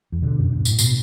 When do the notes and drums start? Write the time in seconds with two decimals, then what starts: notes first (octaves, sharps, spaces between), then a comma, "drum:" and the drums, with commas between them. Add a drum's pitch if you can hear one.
0.12 E2
0.22 B2 D3
0.39 F#2
0.52 G2
0.65 A2, drum: tambourine
0.79 B2, drum: tambourine